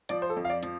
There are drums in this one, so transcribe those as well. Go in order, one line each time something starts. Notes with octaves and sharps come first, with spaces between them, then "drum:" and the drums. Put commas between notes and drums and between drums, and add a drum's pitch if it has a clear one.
F3 D5, drum: hi-hat
C5
A4
F2
F5
D5
F3, drum: hi-hat